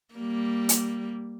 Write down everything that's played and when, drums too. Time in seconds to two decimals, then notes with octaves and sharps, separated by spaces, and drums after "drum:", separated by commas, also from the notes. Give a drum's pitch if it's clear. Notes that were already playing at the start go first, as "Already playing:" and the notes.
0.14 G3 A#3
0.69 drum: hi-hat